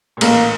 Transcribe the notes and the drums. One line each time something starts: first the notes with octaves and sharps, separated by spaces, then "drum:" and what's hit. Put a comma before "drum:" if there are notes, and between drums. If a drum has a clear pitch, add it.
A#2
A1 A2 A#3, drum: cymbal